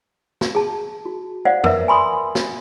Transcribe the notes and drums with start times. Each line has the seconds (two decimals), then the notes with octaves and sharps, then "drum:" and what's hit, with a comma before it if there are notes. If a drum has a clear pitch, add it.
0.41 drum: snare
0.55 G#4 A5
1.05 F#4
1.45 C5 D5 F5 F#5
1.64 A#4 B4 E5, drum: tom
1.88 G#5 B5 C6 D#6
2.35 drum: snare